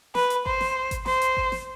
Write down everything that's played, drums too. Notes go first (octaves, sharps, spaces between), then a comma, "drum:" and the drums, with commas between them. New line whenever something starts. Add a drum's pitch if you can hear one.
B4, drum: snare
drum: hi-hat
C5, drum: kick G#1
drum: snare
drum: kick G#1, hi-hat
C5, drum: snare
drum: hi-hat
drum: kick G#1
drum: snare